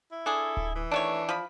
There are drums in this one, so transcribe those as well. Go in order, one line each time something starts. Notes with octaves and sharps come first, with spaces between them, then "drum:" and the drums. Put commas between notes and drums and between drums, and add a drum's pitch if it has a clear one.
E4
D4 G#4 A4
drum: kick D1
E3
D#3 A3 D4 C#5
F3 B5